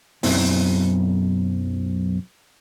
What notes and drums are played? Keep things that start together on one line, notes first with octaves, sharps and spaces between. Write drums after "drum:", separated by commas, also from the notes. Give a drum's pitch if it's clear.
B1 F#2 C4 E4, drum: open hi-hat